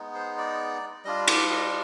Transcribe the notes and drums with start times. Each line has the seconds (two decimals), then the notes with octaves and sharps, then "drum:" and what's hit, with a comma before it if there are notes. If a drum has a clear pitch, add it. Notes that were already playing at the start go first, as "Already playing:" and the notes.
Already playing: G#3 B3 D#4
0.15 C5
0.38 D5
1.05 G3 D4 F4 D#5
1.28 D5, drum: cymbal
1.50 D#5